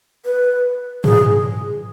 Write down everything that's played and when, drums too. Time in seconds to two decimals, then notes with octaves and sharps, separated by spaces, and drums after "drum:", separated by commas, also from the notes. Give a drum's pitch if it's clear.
0.25 B4
1.04 G#4, drum: tom G#2